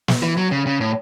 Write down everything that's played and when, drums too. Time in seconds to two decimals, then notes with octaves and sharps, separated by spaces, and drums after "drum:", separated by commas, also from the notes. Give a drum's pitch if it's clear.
0.08 drum: snare
0.23 E3
0.37 F#3
0.51 C#3
0.67 C#3
0.80 A2